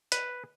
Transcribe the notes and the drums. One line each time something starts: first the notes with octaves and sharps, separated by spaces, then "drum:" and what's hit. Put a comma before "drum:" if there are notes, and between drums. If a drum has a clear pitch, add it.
B4, drum: hi-hat